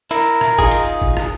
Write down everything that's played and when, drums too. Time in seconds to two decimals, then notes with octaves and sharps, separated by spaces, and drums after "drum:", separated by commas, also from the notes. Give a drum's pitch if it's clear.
0.11 E4 A#4, drum: cymbal
0.41 drum: rim click
0.59 D#4 F4 G#4, drum: kick
0.71 drum: cymbal
1.02 drum: kick
1.17 drum: rim click